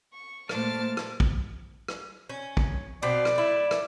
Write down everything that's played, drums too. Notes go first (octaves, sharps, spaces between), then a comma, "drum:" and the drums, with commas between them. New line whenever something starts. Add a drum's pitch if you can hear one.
C#6
A#2 A3 C5 A5 D6 F6, drum: rim click
drum: rim click
drum: kick
drum: rim click
C#4
drum: kick
B2 C4 D5
drum: rim click
A3 E4
drum: rim click